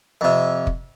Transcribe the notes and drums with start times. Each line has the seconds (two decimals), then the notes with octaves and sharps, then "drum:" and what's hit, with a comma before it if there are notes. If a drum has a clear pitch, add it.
0.21 F2 C3
0.67 drum: kick